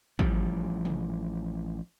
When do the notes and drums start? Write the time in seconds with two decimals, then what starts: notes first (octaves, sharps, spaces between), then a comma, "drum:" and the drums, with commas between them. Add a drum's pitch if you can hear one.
0.19 A1 F3 G3, drum: kick
0.85 drum: tom